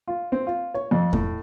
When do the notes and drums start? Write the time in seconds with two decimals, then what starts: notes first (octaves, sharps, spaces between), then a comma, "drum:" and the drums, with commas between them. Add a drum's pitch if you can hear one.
0.08 F4
0.32 C4
0.47 F4
0.74 C#5
0.91 F2
1.13 A2, drum: kick E2